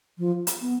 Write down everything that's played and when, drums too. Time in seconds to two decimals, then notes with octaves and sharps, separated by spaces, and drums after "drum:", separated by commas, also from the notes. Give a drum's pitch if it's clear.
0.18 F3
0.47 drum: hi-hat
0.61 B3